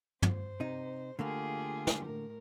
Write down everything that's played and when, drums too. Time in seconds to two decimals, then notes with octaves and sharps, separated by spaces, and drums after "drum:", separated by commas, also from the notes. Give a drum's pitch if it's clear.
0.22 C5, drum: tom
0.60 C3 D#4
1.19 D3 A3 A#3 F4 G4 G#4
1.87 drum: snare
2.05 A2 A#4